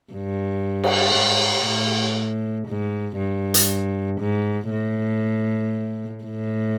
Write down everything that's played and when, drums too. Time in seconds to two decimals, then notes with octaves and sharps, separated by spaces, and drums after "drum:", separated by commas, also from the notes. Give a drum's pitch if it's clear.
0.13 G2
0.84 drum: cymbal
1.14 G#2
1.66 A2
2.67 G#2
3.17 G2
3.54 drum: hi-hat
4.20 G#2
4.70 A2
6.24 A2